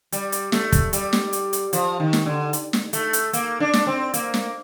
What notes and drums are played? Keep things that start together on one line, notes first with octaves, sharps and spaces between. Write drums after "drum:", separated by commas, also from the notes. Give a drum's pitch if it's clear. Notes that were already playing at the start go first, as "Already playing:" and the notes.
G3, drum: hi-hat
drum: hi-hat
A3, drum: snare
drum: kick, hi-hat
G3, drum: hi-hat
drum: snare
drum: hi-hat
drum: hi-hat
F3, drum: hi-hat
D#3
drum: snare
D3
drum: hi-hat
drum: snare
A3, drum: hi-hat
drum: hi-hat
A#3, drum: hi-hat
D4
drum: snare
C4
A#3, drum: hi-hat
drum: snare